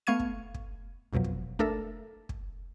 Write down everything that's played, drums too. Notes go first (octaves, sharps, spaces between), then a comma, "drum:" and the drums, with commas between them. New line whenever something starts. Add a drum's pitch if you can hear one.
A3 B3 F5 C#6 G#6 D#7
drum: kick
drum: kick
C2 F2 B2 F3 F#3
drum: kick
A3 D4 A4 A#4 E5, drum: kick
drum: kick